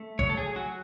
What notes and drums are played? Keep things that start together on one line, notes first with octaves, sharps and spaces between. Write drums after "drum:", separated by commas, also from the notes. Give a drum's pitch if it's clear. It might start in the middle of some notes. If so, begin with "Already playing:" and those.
Already playing: A3
F#3 C#5, drum: kick
A4
G#4
F#3 F#4